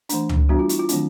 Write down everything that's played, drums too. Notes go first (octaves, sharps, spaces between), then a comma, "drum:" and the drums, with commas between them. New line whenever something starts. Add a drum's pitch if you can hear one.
E3 A3 D4, drum: hi-hat
drum: tom C#2
G3 B3 D4 F#4
F4
E4, drum: hi-hat
F4
D#3 F#3 A3 C4 D4, drum: hi-hat